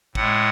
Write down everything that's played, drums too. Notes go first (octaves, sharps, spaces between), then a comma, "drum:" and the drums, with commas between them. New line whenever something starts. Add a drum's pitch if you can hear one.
A2 G#3 F#5, drum: kick